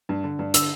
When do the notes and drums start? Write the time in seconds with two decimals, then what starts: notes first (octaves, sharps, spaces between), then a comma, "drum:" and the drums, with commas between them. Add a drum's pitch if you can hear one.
0.09 G2
0.24 D3
0.39 G2
0.54 D3 E6, drum: hi-hat